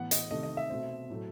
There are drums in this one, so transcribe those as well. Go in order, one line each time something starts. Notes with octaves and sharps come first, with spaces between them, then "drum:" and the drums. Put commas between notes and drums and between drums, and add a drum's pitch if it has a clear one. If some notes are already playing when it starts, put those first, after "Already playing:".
Already playing: A2 E3 B3 F#5
D#5, drum: hi-hat
C3 D#3 A3 D#5
D#5
E5
B2 A3 C4
A2 F#3 A3